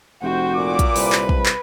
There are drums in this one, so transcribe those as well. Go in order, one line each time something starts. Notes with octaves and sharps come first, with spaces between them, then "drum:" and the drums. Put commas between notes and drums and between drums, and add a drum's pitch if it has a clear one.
F1 F#4 C5 G5
A#2 D6
drum: kick, hi-hat
C2 B4, drum: open hi-hat
drum: clap
drum: kick
drum: clap